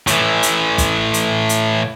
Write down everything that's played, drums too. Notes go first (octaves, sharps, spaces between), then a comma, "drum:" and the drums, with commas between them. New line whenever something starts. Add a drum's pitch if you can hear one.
A2 E3, drum: hi-hat
drum: hi-hat
drum: kick, hi-hat
drum: hi-hat
drum: hi-hat